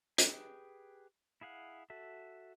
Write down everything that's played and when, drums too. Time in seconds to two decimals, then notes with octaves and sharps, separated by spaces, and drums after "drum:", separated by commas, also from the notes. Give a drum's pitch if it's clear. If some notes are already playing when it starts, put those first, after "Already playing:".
0.18 G4 G#4 B4 G5, drum: hi-hat
1.41 E4 G#4 F5 F#5
1.90 F#4 A4 E5